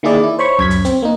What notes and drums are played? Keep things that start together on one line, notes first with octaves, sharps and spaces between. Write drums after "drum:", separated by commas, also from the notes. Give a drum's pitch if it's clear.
D#3 A#3 E4 G#4 D5
E4
C5 C#5 B5 C#6
F#2 G#6 B6, drum: tom C#2
drum: hi-hat
C4, drum: hi-hat
A#3 D#4